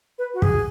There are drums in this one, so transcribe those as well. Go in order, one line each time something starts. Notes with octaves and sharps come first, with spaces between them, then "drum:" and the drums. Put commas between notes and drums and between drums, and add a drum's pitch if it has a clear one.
B4
F#4
G#4, drum: kick